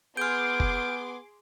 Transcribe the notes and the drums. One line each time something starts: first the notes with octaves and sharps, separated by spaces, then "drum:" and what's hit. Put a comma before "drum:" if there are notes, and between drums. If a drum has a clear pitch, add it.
B3 G#4 C6 D6 F6 G6 D7
drum: kick